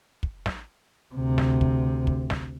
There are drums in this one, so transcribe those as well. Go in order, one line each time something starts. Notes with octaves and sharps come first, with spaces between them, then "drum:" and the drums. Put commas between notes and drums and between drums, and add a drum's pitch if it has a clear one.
drum: kick
drum: snare
D2 C3
drum: snare
drum: kick
drum: kick
drum: snare